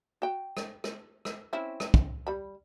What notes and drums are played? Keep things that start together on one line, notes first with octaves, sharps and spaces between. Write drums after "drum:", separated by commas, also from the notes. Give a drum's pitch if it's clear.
F#4 G5
drum: rim click
drum: rim click
drum: rim click
C4 C#4 E4
drum: rim click
drum: kick
G3 B5